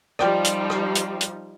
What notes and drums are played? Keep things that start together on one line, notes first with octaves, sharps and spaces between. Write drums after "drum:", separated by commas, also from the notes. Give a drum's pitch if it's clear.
F3 G3 D#4 D5 G5, drum: rim click
drum: hi-hat
drum: rim click
drum: hi-hat
drum: hi-hat